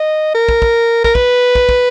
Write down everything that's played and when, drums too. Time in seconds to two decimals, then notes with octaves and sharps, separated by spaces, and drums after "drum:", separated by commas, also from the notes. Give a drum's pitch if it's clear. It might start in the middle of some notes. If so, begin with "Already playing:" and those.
Already playing: D#5
0.35 A#4
0.49 drum: kick
0.62 drum: kick
1.04 A#4, drum: kick
1.15 B4, drum: kick
1.55 drum: kick
1.69 drum: kick